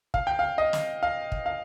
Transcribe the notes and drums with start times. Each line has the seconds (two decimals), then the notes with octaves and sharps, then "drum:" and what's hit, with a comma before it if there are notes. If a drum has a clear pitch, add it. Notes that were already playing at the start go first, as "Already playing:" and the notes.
0.14 F5, drum: kick
0.27 G5
0.39 F5
0.58 D#5
0.73 drum: snare
1.03 F5
1.32 drum: kick
1.46 F5